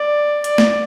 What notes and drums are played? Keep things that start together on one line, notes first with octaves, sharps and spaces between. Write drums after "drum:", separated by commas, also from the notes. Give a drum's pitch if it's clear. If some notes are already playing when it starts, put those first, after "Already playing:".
Already playing: D5
D5, drum: hi-hat
drum: snare